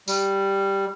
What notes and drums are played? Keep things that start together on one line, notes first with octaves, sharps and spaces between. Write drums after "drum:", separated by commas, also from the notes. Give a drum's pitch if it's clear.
G3, drum: tambourine